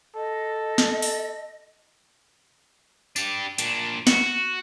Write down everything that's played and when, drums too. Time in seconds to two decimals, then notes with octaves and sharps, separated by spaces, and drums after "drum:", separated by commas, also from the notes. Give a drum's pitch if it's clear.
0.16 A4 D#5
0.78 drum: snare
1.02 drum: open hi-hat
3.16 D4 G4, drum: tambourine
3.58 A#2 D4, drum: hi-hat
4.07 F#4, drum: snare